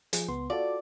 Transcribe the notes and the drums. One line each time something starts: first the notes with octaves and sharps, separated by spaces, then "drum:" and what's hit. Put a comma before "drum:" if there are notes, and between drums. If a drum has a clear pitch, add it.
F3 G#4, drum: hi-hat
C#2 B3 C6
F4 F#4 A4 D5